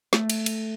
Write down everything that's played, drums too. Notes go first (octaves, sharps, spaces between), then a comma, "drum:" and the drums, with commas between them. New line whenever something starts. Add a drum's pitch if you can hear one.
A3, drum: snare
drum: cymbal
drum: cymbal